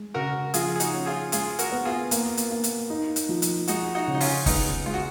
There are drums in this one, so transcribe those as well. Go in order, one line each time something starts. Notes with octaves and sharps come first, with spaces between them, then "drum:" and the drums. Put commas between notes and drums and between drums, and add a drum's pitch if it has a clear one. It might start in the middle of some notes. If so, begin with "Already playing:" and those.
Already playing: G#3
C#3 F#4 A#4
F3 F4 G#4, drum: hi-hat
G#4
D#4 F#4, drum: hi-hat
C#4
F4 G#4
G#3 F4 G#4, drum: hi-hat
F#4 A#4, drum: hi-hat
B3
F4 G#4
A#3, drum: hi-hat
drum: hi-hat
A#3
drum: hi-hat
D#4
drum: hi-hat
F3
drum: hi-hat
G#3 D#4 F#4, drum: hi-hat
D#4 F#4
C#3
D#4
C#4 F4, drum: open hi-hat
G#3 B3 D#4, drum: kick, open hi-hat
G#3 F4
F#4